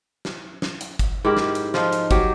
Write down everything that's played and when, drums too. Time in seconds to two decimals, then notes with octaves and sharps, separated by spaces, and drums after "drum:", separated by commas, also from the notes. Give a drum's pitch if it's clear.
0.25 drum: snare
0.62 drum: snare
0.81 drum: hi-hat
0.99 drum: kick, hi-hat
1.25 G#2 E4 G4 A#4
1.37 drum: snare
1.55 drum: hi-hat
1.74 F3 D#4 F4, drum: snare
1.93 drum: hi-hat
2.11 F#3 G4, drum: kick, hi-hat